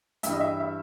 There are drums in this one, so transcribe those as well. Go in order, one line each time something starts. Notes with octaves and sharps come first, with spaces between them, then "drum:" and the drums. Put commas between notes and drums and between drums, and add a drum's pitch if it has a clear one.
G2 E3 G3 E5, drum: hi-hat
D#5
E5
E5